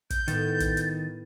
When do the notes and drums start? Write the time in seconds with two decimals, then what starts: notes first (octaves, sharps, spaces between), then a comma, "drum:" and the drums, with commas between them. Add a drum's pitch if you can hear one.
0.10 G6, drum: kick, hi-hat
0.28 A2 D#3 B3 A6, drum: hi-hat
0.60 drum: kick, hi-hat
0.77 drum: hi-hat